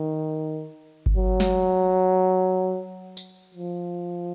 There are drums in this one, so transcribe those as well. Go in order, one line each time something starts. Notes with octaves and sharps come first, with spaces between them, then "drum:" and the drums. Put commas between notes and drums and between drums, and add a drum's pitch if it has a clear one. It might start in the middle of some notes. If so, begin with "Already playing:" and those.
Already playing: D#3
drum: kick G1
F#3
drum: snare
drum: tambourine
F3